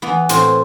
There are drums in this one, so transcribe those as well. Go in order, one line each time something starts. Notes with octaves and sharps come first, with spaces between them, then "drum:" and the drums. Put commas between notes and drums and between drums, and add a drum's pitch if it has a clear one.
E3 B3
A2 C4, drum: hi-hat